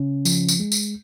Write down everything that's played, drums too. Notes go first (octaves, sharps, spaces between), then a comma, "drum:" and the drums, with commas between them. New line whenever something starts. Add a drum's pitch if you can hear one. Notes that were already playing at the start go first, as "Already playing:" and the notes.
Already playing: C#3 C#4
F3, drum: tambourine
drum: tambourine
G#3
drum: tambourine